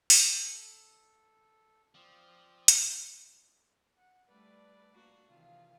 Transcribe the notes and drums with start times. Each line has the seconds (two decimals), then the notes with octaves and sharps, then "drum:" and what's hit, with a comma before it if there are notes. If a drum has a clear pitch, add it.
0.10 A4, drum: open hi-hat
1.95 F3 C4 D5 D#6
2.68 drum: hi-hat
3.98 F#5
4.28 G3 A3 D4 B4 D5
4.94 A#3 D4 F#4
5.29 C3 D#3 E3 F4 F5